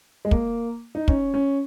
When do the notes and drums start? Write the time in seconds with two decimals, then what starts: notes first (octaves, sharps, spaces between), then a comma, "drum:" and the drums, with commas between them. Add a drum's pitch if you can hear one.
0.25 G#3
0.31 A#3, drum: kick
0.95 D#4
1.08 C#4, drum: kick
1.34 C#4